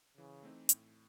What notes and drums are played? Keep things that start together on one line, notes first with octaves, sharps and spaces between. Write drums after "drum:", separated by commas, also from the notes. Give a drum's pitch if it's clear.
C#3 E3
A3 C4 D#4
A2, drum: hi-hat